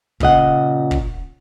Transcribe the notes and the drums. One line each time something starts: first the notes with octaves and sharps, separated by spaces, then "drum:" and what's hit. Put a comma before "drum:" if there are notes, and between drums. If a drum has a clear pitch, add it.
A#2 C#3 D#5 F#5, drum: kick
drum: kick